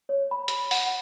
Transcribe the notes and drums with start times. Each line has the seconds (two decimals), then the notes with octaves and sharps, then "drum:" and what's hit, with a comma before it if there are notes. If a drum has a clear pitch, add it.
0.09 C#5
0.31 B5
0.48 drum: hi-hat
0.71 F#5, drum: open hi-hat